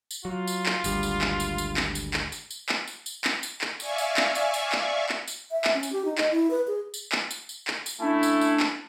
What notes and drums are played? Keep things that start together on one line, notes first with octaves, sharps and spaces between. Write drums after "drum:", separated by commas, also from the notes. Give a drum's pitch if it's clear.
drum: tambourine
F#3 F4
drum: tambourine
drum: clap
G#1 D2 G3, drum: tambourine
drum: tambourine
drum: clap
drum: tambourine
drum: tambourine
drum: clap
drum: tambourine
drum: clap
drum: tambourine
drum: tambourine
drum: clap
drum: tambourine
drum: tambourine
drum: clap
drum: tambourine
drum: clap
D5 E5 F5 G#5 C#6, drum: tambourine
drum: tambourine
drum: clap
drum: tambourine
drum: tambourine
drum: clap
drum: clap
drum: tambourine
E5
drum: clap
C#4
drum: tambourine
G4
D#4
D#5, drum: clap
E4
B4
G#4
drum: tambourine
drum: clap
drum: tambourine
drum: tambourine
drum: clap
drum: tambourine
A3 C#4 D4 E4
drum: tambourine
drum: tambourine
drum: clap